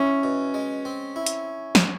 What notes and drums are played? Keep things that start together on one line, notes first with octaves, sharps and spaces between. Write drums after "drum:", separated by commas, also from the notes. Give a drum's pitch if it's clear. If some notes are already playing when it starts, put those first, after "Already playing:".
Already playing: C#4 E4
B2
G#3
C4
E4
drum: hi-hat
drum: snare